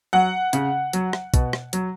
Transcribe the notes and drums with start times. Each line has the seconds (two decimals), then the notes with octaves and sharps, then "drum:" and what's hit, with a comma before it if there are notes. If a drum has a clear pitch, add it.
0.13 F#3 F#5
0.53 C#3, drum: hi-hat
0.93 F#3, drum: hi-hat
1.13 drum: rim click
1.34 B2, drum: kick B1, hi-hat
1.53 drum: rim click
1.73 F#3, drum: hi-hat